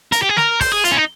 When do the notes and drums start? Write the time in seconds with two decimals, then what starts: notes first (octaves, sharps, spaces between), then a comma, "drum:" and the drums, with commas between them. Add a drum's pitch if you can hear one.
0.12 A#4, drum: hi-hat
0.22 G4
0.29 G#4
0.37 A#4, drum: snare
0.61 C5, drum: kick, open hi-hat
0.72 G#4
0.84 F4, drum: hi-hat
0.92 C#4
0.97 D#4